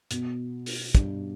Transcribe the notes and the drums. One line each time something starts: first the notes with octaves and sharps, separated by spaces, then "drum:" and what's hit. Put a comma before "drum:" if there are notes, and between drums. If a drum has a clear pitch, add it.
B2, drum: hi-hat
drum: open hi-hat
G2, drum: kick, hi-hat